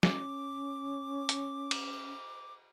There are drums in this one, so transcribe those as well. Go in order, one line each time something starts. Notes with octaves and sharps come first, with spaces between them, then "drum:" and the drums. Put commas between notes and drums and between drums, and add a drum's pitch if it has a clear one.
C#4 D6, drum: snare
drum: hi-hat
drum: cymbal